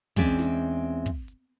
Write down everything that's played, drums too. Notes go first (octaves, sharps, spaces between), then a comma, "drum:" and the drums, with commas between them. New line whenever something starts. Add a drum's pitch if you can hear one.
E2 G#3 C4 C#4 D5 E5, drum: kick
drum: snare
drum: kick
drum: hi-hat